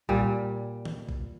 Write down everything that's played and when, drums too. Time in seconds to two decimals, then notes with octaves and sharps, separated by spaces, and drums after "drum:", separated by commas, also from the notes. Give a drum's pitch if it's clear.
0.09 A#2 G3, drum: kick A#1
0.85 drum: tom D#3
1.09 drum: kick A#1